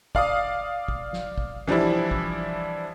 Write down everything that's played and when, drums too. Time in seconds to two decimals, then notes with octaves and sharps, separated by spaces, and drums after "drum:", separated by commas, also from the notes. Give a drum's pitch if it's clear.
0.15 D5 F5 D6 D#6, drum: kick
0.88 drum: kick
1.13 drum: snare
1.38 drum: kick
1.67 E3 F3 G3 D4 E4
2.11 drum: kick